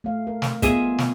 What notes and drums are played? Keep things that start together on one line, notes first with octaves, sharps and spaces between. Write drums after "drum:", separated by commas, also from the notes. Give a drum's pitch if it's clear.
A3 F5
A#4
drum: snare
G3 B3 F4 G#4 D#5 E5, drum: kick, hi-hat
drum: snare